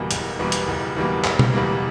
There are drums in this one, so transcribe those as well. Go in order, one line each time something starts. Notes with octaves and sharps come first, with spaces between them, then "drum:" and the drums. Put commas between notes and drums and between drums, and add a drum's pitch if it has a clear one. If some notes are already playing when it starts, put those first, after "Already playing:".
Already playing: F#1 E2 B2 G3 A#3
F#1, drum: hi-hat
E2 B2 G3 A#3
drum: hi-hat
F#1
E2 B2 G3 A#3
F#1, drum: clap
drum: tom B2
E2 B2 G3 A#3